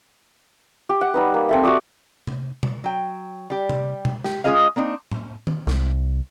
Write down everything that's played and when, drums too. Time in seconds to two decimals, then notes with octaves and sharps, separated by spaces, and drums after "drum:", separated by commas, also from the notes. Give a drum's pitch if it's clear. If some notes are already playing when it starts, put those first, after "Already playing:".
0.89 G4
1.01 F#5
1.14 G3 D#4 B4
1.34 A#3
1.49 C4 A4 E5
1.63 F#4 G4 D5 D#6
2.27 drum: tom C3
2.63 drum: tom B2
2.84 F#3 G5
3.50 G3 G4
3.69 drum: tom C3
4.05 drum: tom B2
4.24 G4, drum: snare
4.44 G#3 C#4 F4 G#4 D#5 F5
4.76 A#3 C4 D4 D#4
5.11 drum: tom A2
5.47 drum: tom D#3
5.67 C2, drum: snare